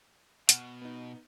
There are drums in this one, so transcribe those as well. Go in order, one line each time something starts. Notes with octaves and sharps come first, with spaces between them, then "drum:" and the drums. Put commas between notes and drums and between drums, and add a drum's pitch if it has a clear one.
B2 F#5 F6, drum: hi-hat
B3 D#4